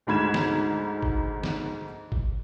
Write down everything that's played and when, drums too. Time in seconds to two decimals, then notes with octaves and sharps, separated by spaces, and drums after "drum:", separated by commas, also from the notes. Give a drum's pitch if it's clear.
0.07 D2 G#2 B5 G#6 E7
0.34 drum: snare
1.02 drum: kick G#1
1.43 drum: snare
2.12 drum: kick G#1